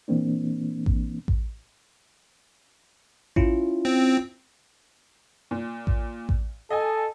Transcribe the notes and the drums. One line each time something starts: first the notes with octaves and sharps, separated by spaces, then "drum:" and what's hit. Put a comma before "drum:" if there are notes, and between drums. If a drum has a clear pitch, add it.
A#2 E3 A#3 C4 D4
drum: kick A1
drum: kick A1
C#4 E4 F4, drum: kick A1
C4
A#2
drum: kick A1
drum: kick A1
A4 D#5 G#5